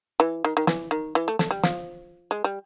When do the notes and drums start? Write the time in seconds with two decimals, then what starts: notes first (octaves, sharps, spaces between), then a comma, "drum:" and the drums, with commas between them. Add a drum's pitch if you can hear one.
0.20 E3
0.45 D#3
0.57 D#3
0.67 E3, drum: snare
0.91 D#3
1.15 E3
1.28 A3
1.39 A3, drum: snare
1.51 G3
1.63 F3, drum: snare
2.31 G#3
2.44 G3